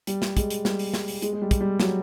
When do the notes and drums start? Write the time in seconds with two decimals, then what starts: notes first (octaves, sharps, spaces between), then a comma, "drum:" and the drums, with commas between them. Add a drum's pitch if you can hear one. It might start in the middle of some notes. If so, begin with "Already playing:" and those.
0.07 G3, drum: hi-hat
0.22 drum: snare
0.37 G#3, drum: kick, hi-hat
0.50 drum: hi-hat
0.65 G3, drum: snare
0.79 drum: open hi-hat
0.94 drum: snare
1.08 drum: open hi-hat
1.22 G#3, drum: hi-hat
1.33 G#3
1.42 G3
1.51 drum: kick, hi-hat
1.61 G3
1.80 F#3, drum: snare